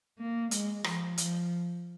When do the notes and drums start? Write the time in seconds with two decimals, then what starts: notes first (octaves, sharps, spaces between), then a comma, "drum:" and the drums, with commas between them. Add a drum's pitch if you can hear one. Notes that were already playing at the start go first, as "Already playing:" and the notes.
0.19 A#3
0.51 G#3, drum: hi-hat
0.84 F3, drum: rim click
1.18 F3, drum: hi-hat